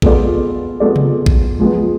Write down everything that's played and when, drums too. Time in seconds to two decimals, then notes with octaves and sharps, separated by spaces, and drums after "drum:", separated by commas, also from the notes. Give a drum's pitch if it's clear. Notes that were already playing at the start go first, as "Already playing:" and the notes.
0.02 G#3 B3 F4 A4 D5, drum: kick
0.80 G#3 B3 F4 A4 D5
0.96 drum: tom C3
1.26 drum: kick
1.60 F3 G#3 B3